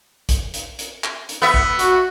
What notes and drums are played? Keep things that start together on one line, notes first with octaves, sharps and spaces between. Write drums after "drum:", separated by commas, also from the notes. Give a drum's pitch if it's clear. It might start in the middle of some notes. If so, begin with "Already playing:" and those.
drum: kick, hi-hat
drum: hi-hat
drum: hi-hat
drum: clap
drum: hi-hat
B3 E5
drum: kick
F#4, drum: hi-hat